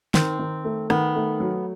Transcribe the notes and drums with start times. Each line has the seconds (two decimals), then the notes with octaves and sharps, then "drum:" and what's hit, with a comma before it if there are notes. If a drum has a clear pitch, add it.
0.14 D#3 C4, drum: snare
0.39 D#3
0.64 A3
0.90 D#3 B3, drum: rim click
1.16 A3
1.40 F#3